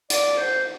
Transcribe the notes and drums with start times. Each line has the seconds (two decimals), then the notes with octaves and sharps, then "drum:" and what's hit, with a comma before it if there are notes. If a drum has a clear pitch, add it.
0.10 D5, drum: hi-hat
0.38 C5